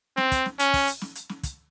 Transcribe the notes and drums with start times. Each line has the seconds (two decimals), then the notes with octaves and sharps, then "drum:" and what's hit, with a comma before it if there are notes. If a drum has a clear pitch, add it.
0.17 C4, drum: snare
0.32 drum: kick, hi-hat
0.46 drum: snare
0.59 C#4, drum: hi-hat
0.73 drum: kick, open hi-hat
0.87 drum: hi-hat
1.01 drum: snare
1.15 drum: hi-hat
1.29 drum: snare
1.43 drum: kick, hi-hat